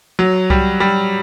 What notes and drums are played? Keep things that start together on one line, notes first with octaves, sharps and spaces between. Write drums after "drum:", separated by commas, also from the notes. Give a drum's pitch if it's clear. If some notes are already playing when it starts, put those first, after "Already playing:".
F#3
G3, drum: kick C2
G3